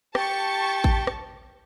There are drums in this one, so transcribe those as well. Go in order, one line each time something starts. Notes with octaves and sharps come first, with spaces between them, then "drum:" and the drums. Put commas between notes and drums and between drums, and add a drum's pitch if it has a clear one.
G4 A5 C#6, drum: rim click
drum: kick A1
drum: rim click